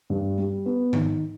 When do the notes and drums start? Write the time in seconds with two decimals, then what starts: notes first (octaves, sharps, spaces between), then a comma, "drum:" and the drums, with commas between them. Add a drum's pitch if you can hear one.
0.10 G2
0.38 G3
0.66 B3
0.93 D#3, drum: tom G#2